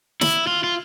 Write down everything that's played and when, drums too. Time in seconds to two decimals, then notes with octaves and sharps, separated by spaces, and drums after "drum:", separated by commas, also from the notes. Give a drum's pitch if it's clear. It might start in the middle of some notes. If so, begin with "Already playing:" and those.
0.21 E4, drum: snare
0.47 F4
0.64 F4